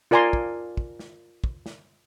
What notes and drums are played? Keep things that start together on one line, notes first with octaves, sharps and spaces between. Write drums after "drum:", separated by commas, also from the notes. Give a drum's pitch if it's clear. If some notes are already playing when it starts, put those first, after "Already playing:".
F4 A#4 D5 G#5 A#5 C6
drum: kick
drum: kick
drum: snare
drum: kick
drum: snare